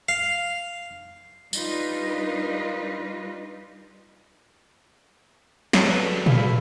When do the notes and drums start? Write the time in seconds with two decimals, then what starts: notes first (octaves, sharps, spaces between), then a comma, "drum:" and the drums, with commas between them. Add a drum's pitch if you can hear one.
0.09 F5
1.53 G3 D4 D#4 F4 B4 D#5, drum: tambourine
5.73 drum: snare
5.85 F#3 G3 G#4 A4 B4
6.26 G2 E4 E5 F5, drum: tom A#2